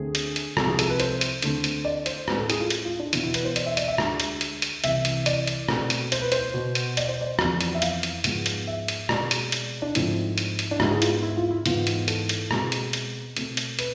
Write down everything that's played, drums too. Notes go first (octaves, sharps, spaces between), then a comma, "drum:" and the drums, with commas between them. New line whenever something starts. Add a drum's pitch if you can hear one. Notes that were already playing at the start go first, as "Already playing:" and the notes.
Already playing: D2 D3 A3 C4 G#4
drum: hi-hat
drum: hi-hat
C2 C3 F3 G#3 A4, drum: rim click
G#4
A4, drum: hi-hat
B4
C5, drum: hi-hat
drum: hi-hat
D2 D3 A3 C4, drum: hi-hat
drum: hi-hat
D5
C5, drum: hi-hat
A2 G#3 C4 B4, drum: rim click
A4
G#4, drum: hi-hat
F4
drum: hi-hat
F4
D4
E2 B2 B3 E4, drum: hi-hat
E4
B4, drum: hi-hat
C5
D5, drum: hi-hat
E5
D5, drum: hi-hat
E5
D2 D3 G#3, drum: rim click
drum: hi-hat
drum: hi-hat
drum: hi-hat
C2 C3 E3 E5, drum: hi-hat
drum: hi-hat
D5, drum: hi-hat
drum: hi-hat
B2 A3 C4, drum: rim click
drum: hi-hat
C5, drum: hi-hat
B4
C5, drum: hi-hat
B2 B3
drum: hi-hat
D5, drum: hi-hat
C5
D5
F2 E3 B3, drum: rim click
drum: hi-hat
E5
F5, drum: hi-hat
drum: hi-hat
G#2 F3 G#3 B3, drum: hi-hat
drum: hi-hat
E5
drum: hi-hat
B2 G#3 C4 D5, drum: rim click
drum: hi-hat
drum: hi-hat
D4
G#2 F3 A3 C4 E4, drum: hi-hat
drum: hi-hat
drum: hi-hat
D4
G#2 G#3 B3 E4, drum: rim click
G#4
F4, drum: hi-hat
E4
F4
E4
G#2 E3 B3 F4, drum: hi-hat
drum: hi-hat
A4, drum: hi-hat
drum: hi-hat
B2 G#3 C4, drum: rim click
drum: hi-hat
drum: hi-hat
B2 A3 C4, drum: hi-hat
drum: hi-hat
B4, drum: hi-hat